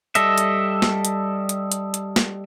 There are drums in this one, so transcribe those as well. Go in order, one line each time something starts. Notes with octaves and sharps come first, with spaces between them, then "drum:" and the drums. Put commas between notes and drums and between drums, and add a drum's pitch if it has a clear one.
G3 A4 D#5 E5, drum: hi-hat
drum: hi-hat
drum: snare
drum: hi-hat
drum: hi-hat
drum: hi-hat
drum: hi-hat
drum: snare